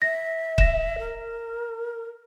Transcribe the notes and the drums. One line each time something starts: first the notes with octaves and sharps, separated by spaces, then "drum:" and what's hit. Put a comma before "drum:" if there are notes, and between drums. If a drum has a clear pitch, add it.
E5 A#6
A#6 E7, drum: kick C#1
A#4